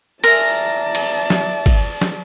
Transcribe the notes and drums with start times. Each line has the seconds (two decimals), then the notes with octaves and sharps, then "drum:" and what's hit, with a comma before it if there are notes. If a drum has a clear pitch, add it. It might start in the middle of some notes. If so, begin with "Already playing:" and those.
0.24 A#4 D5 E5 G#5 A5 C6 A#6, drum: cymbal
0.95 drum: cymbal
1.30 drum: snare
1.66 drum: kick, cymbal
2.01 drum: snare